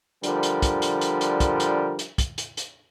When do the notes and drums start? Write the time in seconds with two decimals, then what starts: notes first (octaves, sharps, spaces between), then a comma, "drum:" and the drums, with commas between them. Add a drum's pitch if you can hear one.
0.23 D3 F3 G3 D4 A#4, drum: hi-hat
0.43 drum: hi-hat
0.62 drum: kick, hi-hat
0.82 drum: hi-hat
1.01 drum: hi-hat
1.21 drum: hi-hat
1.40 drum: kick, hi-hat
1.60 drum: hi-hat
1.99 drum: hi-hat
2.18 drum: kick, hi-hat
2.38 drum: hi-hat
2.57 drum: hi-hat